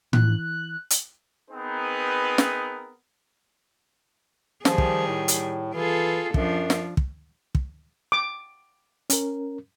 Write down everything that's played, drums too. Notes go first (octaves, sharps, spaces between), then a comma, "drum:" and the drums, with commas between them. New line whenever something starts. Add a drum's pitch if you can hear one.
E3 F#6, drum: tom A2
drum: hi-hat
B3 C4 D#4 G#4 A#4 B4
drum: snare
D#3 F3 G3 G#4, drum: snare
drum: kick
A2
drum: hi-hat
E3 F4 G#4 A4
F#2 F3 D4, drum: kick
drum: snare
drum: kick
drum: kick
D6
C#4 A#4, drum: hi-hat